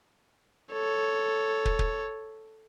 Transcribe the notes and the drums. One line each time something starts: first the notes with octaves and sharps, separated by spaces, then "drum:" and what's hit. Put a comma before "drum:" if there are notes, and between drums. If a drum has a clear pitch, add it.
A4 C#5
drum: kick
drum: kick